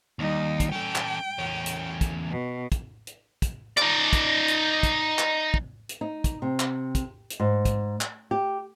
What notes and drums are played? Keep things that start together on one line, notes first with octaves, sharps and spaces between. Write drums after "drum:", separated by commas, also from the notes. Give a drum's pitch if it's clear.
D#2 G3 D#4
drum: kick, hi-hat
C#4 A4 G5
drum: clap
E2 C#4
drum: hi-hat
drum: kick, hi-hat
B2
drum: kick, hi-hat
drum: hi-hat
drum: kick, hi-hat
D#4 D5, drum: clap
drum: kick, hi-hat
drum: hi-hat
drum: kick, hi-hat
drum: clap
drum: kick
drum: hi-hat
D#4
drum: kick, hi-hat
C3
drum: clap
drum: kick, hi-hat
drum: hi-hat
G#2
drum: kick, hi-hat
drum: clap
G4